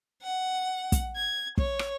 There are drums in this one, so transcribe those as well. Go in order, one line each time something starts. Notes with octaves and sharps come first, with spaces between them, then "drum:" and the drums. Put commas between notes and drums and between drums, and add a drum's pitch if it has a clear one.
F#5
drum: kick, hi-hat
G#6
C#5, drum: kick
drum: rim click